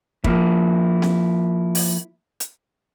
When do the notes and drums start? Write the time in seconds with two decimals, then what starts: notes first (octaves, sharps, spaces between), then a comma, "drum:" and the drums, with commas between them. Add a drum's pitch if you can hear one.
0.24 F3 A#3 E4, drum: kick
1.02 drum: snare C4
1.75 drum: open hi-hat
2.40 drum: hi-hat